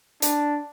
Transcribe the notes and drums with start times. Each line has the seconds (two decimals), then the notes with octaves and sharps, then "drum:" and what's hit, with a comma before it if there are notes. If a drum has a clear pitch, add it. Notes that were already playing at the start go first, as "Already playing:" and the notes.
0.22 D4, drum: hi-hat